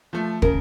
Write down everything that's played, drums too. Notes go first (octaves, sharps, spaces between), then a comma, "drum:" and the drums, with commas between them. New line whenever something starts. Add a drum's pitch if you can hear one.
F3 A3
C#3 A#4, drum: kick